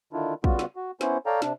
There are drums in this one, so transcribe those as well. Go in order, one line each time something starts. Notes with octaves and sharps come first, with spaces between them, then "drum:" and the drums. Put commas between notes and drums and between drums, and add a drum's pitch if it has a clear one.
D3 D#3 D4 E4 F4
C#3 G3 B3 F4 F#4, drum: kick
drum: snare
F#4
B3 C#4 E4 C5, drum: snare
A4 C#5 D5 F5 G5 A#5
C3 D4, drum: snare